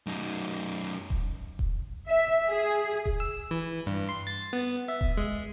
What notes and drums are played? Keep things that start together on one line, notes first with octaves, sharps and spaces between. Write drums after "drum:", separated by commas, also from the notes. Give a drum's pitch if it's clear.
F#2 D#4
drum: kick D#1
drum: kick D#1
E5
G#4
drum: kick D#1
E6
E3
G2
C6
A6
B3
E5
drum: kick D#1
G#3